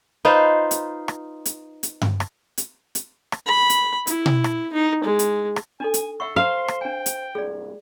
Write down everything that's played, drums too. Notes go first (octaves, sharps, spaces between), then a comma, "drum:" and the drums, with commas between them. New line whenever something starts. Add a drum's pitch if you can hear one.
D#4 F4 B4 C5
drum: hi-hat
drum: rim click
drum: hi-hat
drum: hi-hat
drum: tom G2
drum: rim click
drum: hi-hat
drum: hi-hat
drum: rim click
B5
drum: hi-hat
E4, drum: hi-hat
drum: tom B2
drum: rim click
D#4
G#3
drum: hi-hat
drum: rim click
D4 D#4 A4 G#5
drum: hi-hat
A4 E5 F#5 C#6
C5 F5 A#5 C6
drum: rim click
D4 G5 G#5
drum: hi-hat
C2 G#2 G#4 D5